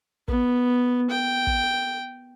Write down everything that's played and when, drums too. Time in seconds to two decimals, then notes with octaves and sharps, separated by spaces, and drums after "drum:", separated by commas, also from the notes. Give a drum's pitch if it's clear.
0.28 B3, drum: kick
1.10 G5
1.47 drum: kick